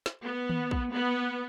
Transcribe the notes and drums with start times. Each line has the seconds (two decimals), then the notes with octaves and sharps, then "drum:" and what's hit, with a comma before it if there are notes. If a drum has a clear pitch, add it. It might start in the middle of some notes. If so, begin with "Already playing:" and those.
0.06 drum: snare
0.24 B3
0.49 drum: tom D#3
0.71 drum: kick
0.93 B3